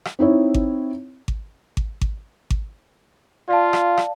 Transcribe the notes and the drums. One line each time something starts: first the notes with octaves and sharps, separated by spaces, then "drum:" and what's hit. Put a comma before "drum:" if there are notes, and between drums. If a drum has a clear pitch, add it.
drum: rim click
C4 D#4 E4 C#5
drum: kick G#1
drum: kick G#1
drum: kick G#1
drum: kick G#1
drum: kick G#1
F4 D5 F5 A5
drum: rim click
drum: rim click